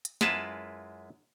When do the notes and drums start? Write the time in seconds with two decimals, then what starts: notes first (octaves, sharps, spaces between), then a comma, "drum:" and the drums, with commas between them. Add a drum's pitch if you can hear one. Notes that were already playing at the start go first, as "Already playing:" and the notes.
0.05 drum: hi-hat
0.21 F#2 G#3 E4 F4 B4 A5, drum: snare